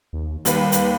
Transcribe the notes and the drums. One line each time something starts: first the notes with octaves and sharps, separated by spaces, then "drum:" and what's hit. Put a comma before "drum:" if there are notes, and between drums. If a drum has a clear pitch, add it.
D#2
D#2 G3 B4, drum: hi-hat
drum: hi-hat